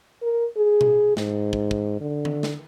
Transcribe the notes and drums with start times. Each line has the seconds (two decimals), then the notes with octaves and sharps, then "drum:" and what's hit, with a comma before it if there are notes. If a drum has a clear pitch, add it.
0.22 A#4
0.57 G#4
0.81 drum: tom B2
1.17 G#2, drum: snare
1.53 drum: kick
1.71 drum: kick
2.01 D3
2.25 drum: tom D#3
2.43 drum: snare